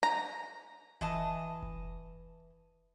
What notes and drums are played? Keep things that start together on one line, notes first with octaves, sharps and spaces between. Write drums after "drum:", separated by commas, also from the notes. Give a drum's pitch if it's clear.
A#5, drum: hi-hat
E3 D#5 A5, drum: kick F1
drum: kick F1